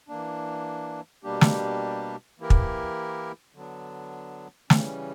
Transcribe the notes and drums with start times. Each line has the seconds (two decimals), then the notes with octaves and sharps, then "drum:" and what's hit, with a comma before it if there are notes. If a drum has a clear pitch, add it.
0.08 E3 A#3 D4
1.24 B2 G3 A#3 D4 G4
1.41 drum: snare
2.40 E3 A#3 E4 G4 A#4
2.50 drum: kick
3.55 D3 F#3 B3 D4
4.70 C#3 E3 G3 C#4, drum: snare